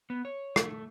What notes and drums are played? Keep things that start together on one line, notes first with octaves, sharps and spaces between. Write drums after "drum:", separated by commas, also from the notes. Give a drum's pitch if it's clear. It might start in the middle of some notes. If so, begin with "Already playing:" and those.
B3
C#5
A3, drum: rim click